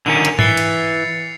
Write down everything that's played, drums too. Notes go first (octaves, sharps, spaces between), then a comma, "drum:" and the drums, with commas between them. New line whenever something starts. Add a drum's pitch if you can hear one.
D3 D#3 C#4 F7
drum: hi-hat
E3 A6 C7 C#7, drum: tom G#2
drum: cymbal